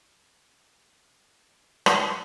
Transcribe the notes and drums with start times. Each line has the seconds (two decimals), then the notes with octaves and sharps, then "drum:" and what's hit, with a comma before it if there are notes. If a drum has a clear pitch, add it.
1.22 G#6 A6
1.86 drum: rim click